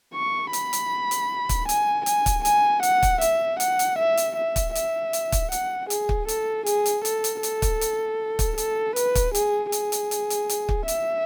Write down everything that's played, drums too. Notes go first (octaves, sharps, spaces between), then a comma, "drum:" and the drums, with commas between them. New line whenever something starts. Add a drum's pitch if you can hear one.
C#6
B5, drum: hi-hat
drum: hi-hat
drum: hi-hat
drum: kick, hi-hat
G#5, drum: hi-hat
G#5, drum: hi-hat
drum: kick, hi-hat
G#5, drum: hi-hat
F#5, drum: hi-hat
drum: kick, hi-hat
E5, drum: hi-hat
F#5, drum: hi-hat
drum: hi-hat
E5
drum: hi-hat
E5
drum: kick, hi-hat
E5, drum: hi-hat
drum: hi-hat
drum: kick, hi-hat
F#5, drum: hi-hat
G#4, drum: hi-hat
drum: kick
A4, drum: hi-hat
G#4, drum: hi-hat
drum: hi-hat
A4, drum: hi-hat
drum: hi-hat
A4, drum: hi-hat
drum: kick, hi-hat
drum: hi-hat
drum: kick, hi-hat
A4, drum: hi-hat
B4, drum: hi-hat
drum: kick, hi-hat
G#4, drum: hi-hat
G#4, drum: hi-hat
drum: hi-hat
drum: hi-hat
drum: hi-hat
drum: hi-hat
drum: kick
E5, drum: hi-hat